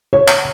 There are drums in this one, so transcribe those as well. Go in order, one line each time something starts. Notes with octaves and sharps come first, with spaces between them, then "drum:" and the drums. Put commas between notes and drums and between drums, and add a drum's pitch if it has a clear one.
C#5
drum: clap